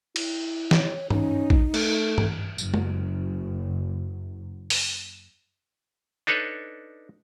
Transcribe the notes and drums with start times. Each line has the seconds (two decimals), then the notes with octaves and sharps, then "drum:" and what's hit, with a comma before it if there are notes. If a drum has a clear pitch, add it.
0.16 E4, drum: cymbal
0.71 C#5, drum: snare
1.10 C#4 D#4, drum: tom
1.50 drum: kick A#1
1.74 A3, drum: cymbal
2.18 drum: tom
2.58 F#1 F#2, drum: tambourine
2.74 drum: tom G#3
4.70 drum: open hi-hat
6.27 D4 D#4 A4 B4 C#5